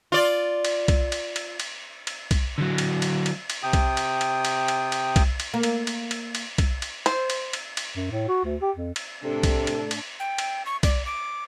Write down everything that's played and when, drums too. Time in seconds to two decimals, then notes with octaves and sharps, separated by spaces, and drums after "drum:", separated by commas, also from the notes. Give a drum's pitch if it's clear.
0.12 F4 D5
0.65 drum: cymbal
0.88 drum: kick C2, cymbal
1.12 drum: cymbal
1.36 drum: cymbal
1.60 drum: cymbal
2.07 drum: cymbal
2.31 drum: kick C2, cymbal
2.58 D3 F#3
2.78 drum: cymbal
3.02 drum: cymbal
3.26 drum: cymbal
3.50 drum: cymbal
3.63 C3 G5 D#6
3.73 drum: kick C2, cymbal
3.97 drum: cymbal
4.21 drum: cymbal
4.45 drum: cymbal
4.68 drum: cymbal
4.92 drum: cymbal
5.16 drum: kick C2, cymbal
5.40 drum: cymbal
5.54 A#3
5.63 drum: cymbal
5.87 drum: cymbal
6.11 drum: cymbal
6.35 drum: cymbal
6.58 drum: kick C2, cymbal
6.82 drum: cymbal
7.06 C5, drum: cymbal
7.30 drum: cymbal
7.53 drum: cymbal
7.77 drum: cymbal
7.95 F#2
8.11 A2
8.28 F#4
8.45 D2
8.62 G4
8.76 F2
8.96 drum: cymbal
9.24 A2 C3 D4 A4
9.43 drum: kick C2, cymbal
9.67 drum: cymbal
9.91 drum: cymbal
10.20 G5
10.38 drum: cymbal
10.66 C#6
10.83 D5, drum: kick C2, cymbal
11.06 D6